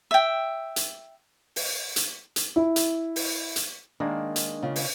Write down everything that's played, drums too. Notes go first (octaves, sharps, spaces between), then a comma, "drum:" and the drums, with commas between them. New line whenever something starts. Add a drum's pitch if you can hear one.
E5 G5
drum: hi-hat
drum: open hi-hat
drum: hi-hat
drum: hi-hat
E4
drum: hi-hat
drum: open hi-hat
drum: hi-hat
D#3 G#3 A#3 D4
drum: hi-hat
C#3 F4
drum: open hi-hat